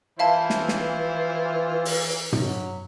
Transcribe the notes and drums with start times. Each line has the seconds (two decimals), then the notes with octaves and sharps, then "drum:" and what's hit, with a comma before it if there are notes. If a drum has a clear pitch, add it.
0.19 E3 E4 F4 C5 E5 F5 A5
0.50 drum: snare
0.68 drum: snare
1.85 drum: open hi-hat
2.32 F#3, drum: tom